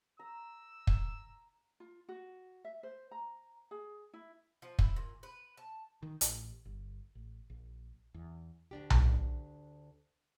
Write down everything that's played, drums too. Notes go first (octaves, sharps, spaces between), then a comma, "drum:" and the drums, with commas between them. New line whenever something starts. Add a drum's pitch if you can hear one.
A#5 E6
drum: kick
F4
F#4
E5
C5
A#5
G#4
E4
F3
E4, drum: kick
A#2
B4
A5
D#3
A1, drum: hi-hat
G1
A1
A#1
E2
D2 D4 G4
drum: tom B1